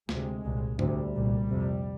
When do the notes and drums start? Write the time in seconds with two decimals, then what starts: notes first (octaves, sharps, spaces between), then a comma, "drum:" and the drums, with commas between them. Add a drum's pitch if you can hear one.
0.09 D2 C3 G#3, drum: snare
0.44 C2 A#2
0.79 D2 C3 G3, drum: tom G#2
1.14 C2 A#2
1.49 F2 C3